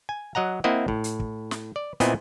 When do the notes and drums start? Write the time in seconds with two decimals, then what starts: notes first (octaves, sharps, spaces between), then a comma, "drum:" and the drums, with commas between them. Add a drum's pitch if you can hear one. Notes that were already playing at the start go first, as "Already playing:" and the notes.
0.09 G#5
0.35 F#3 D#5 F#5 A#5
0.64 A#3 C4 E4 C5 D#5 F#5
0.88 A2, drum: kick
1.04 drum: hi-hat
1.20 drum: kick
1.51 drum: snare
1.76 D5
2.00 A#2 B3 C4 E4 D#5 G#5, drum: hi-hat